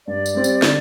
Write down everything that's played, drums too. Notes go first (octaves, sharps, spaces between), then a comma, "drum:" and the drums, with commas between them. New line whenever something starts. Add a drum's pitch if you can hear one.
G2 D5
drum: tambourine
G3 C4
drum: tambourine
D3, drum: snare